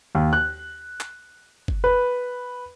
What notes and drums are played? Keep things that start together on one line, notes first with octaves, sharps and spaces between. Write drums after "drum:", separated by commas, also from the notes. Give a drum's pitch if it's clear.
D#2
F#6
drum: clap
drum: kick F#1
B4